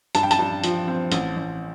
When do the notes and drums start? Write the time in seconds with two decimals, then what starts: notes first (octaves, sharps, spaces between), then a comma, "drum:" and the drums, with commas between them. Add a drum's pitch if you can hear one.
0.15 G2 A5, drum: hi-hat
0.23 G5
0.31 A5, drum: hi-hat
0.39 G2
0.64 F3, drum: hi-hat
0.88 C4
1.12 A1, drum: hi-hat
1.36 A1